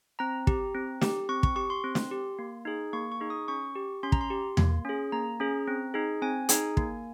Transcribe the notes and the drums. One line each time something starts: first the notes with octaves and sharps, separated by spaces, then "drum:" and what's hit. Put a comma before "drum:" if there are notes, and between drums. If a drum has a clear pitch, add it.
C4 A#5
G4, drum: kick
C4
G4, drum: snare
C4 C#6
C#6, drum: kick
G4 C#6
C6
C4
drum: snare
G4
A#3
D#4 G#4
A#3 C#6
C#6
D#4 G#4
D#6
C#4 C#6
G4
C#4 C6
A#5, drum: kick
C6
G4
A#3, drum: tom E2
C#4 G#4
A#3 A#5
C#4 G#4
C4
D#4 G#4
C4 G#5
D#4 G#4, drum: hi-hat
A#3, drum: kick